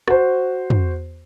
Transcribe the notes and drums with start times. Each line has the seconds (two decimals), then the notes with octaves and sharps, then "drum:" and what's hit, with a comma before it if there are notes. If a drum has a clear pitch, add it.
0.08 F#4 C5, drum: rim click
0.70 drum: tom